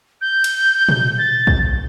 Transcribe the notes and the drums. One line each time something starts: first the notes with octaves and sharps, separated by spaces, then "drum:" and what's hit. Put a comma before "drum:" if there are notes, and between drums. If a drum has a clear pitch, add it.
G6
drum: cymbal
drum: tom A#2
A6
drum: kick